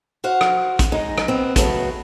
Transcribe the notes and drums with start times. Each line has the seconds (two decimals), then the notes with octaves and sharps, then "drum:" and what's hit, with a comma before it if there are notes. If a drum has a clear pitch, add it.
0.24 F#4 C5 F5 F#5
0.41 drum: rim click
0.79 drum: kick, hi-hat
0.92 G#3 D#4
1.18 drum: rim click
1.28 B3 C4
1.56 C#3 F#3 A3 B3, drum: kick, hi-hat